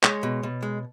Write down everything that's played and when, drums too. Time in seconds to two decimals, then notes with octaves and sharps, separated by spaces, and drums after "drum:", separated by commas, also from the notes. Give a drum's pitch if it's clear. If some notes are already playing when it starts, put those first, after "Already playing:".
0.03 G#3 C#5, drum: clap
0.23 B2
0.43 B2
0.63 G#3